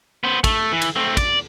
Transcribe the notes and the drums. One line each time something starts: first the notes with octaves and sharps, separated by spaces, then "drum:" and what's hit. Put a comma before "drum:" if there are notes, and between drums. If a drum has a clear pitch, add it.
B3 C5
A3, drum: kick, cymbal
E3
drum: cymbal
A3 C4
D5, drum: kick, cymbal